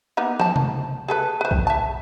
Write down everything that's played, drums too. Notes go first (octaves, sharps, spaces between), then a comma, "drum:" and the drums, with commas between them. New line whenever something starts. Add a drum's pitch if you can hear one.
A#3 B3 D#4
C5 A5, drum: snare F#3
drum: tom
G#4 A4 B4
B4 C5
drum: kick
E5 A5